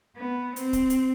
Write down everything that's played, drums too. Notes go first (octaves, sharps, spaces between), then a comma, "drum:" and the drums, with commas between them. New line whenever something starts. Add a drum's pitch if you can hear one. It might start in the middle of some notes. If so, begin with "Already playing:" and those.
B3
C4, drum: hi-hat
drum: kick C#1, hi-hat
drum: hi-hat